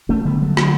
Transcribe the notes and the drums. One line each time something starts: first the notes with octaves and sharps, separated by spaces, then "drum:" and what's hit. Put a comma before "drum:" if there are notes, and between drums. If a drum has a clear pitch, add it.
A3 C#4
D3 G3 B3
F#3 A3
D3 F#3, drum: rim click